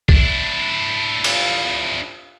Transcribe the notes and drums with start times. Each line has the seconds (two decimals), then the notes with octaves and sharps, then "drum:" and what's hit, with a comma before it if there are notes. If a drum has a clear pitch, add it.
0.09 D4 E4, drum: kick
1.24 drum: cymbal